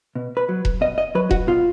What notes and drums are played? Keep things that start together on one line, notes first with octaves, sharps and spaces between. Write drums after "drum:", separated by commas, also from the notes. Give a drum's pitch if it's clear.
B2
B4
F#3
drum: kick E1
B2 D#5
D#5
F#3 B4
F#4, drum: kick E1
B2 F4